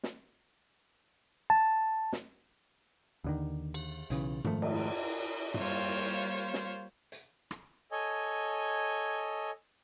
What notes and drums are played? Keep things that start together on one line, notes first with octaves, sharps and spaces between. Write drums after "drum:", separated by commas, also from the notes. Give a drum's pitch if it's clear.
drum: snare
A5
drum: snare
D#2 D3 D#3
drum: cymbal
B1 C#3 E3, drum: hi-hat
G#2 D#3 F3 A3, drum: tom
drum: cymbal
G3 A#3 F4 C5 C#5, drum: tom
drum: hi-hat
drum: hi-hat
drum: snare
drum: hi-hat
drum: rim click
A4 C#5 D#5 G#5